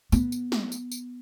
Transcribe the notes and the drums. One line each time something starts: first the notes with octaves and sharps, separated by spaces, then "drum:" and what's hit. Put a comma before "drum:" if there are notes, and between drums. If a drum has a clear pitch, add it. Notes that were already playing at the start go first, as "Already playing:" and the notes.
B3, drum: tambourine
drum: tambourine
drum: snare
drum: tambourine
drum: tambourine